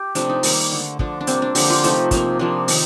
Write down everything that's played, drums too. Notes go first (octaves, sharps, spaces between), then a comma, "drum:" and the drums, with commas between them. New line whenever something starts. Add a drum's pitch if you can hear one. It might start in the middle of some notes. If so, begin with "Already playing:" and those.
Already playing: G4
C3 F3 A3 D4, drum: hi-hat
D#4
D#3 G3 A#3, drum: open hi-hat
D3 A3
D3 F3 A3 D4, drum: kick
D4
C3 G3 A#3 C4, drum: hi-hat
D4
D3 F3 A#3 G4, drum: open hi-hat
F4
C3 F3 A3 D#4, drum: hi-hat
C3 F3 A#3, drum: kick, hi-hat
C3 F3 A#3 D4
D#3 D#4, drum: open hi-hat